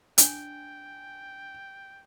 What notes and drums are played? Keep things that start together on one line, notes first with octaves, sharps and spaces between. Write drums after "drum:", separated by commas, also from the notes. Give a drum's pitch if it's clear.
D4 G5 G#5, drum: hi-hat